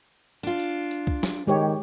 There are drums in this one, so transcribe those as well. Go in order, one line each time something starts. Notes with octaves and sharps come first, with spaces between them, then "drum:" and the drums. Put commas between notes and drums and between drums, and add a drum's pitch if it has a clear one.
D4 F4
drum: hi-hat
drum: hi-hat
drum: kick C2
drum: snare
D#3 G#3 G4 C#5